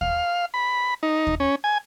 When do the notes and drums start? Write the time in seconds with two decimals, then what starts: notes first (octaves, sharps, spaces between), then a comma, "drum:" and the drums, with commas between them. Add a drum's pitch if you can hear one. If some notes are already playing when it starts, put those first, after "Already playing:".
0.01 F5, drum: kick D#2
0.54 B5
1.03 D#4
1.27 drum: kick D#2
1.40 C#4
1.64 G#5